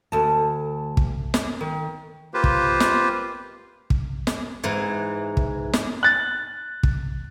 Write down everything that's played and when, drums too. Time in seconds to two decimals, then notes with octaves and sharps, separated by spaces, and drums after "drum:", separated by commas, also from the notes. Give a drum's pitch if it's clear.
0.12 D2 A5
0.97 drum: kick
1.34 drum: snare
1.61 D#3
2.34 A#3 F4 G4 B4 C5
2.44 drum: kick
2.80 drum: snare
3.90 drum: kick
4.27 drum: snare
4.64 G#2 E3
5.37 drum: kick
5.73 drum: snare
6.03 F#6 A6
6.83 drum: kick